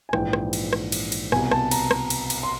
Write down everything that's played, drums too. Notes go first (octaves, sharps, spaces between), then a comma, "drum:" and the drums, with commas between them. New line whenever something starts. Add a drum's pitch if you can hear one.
G#5
A#1 G#2 E3 G5, drum: rim click
drum: rim click
drum: cymbal
drum: rim click
drum: cymbal
drum: cymbal
C2 B2 G#5, drum: rim click
A5, drum: rim click
A#5, drum: cymbal
drum: rim click
drum: cymbal
drum: cymbal
C6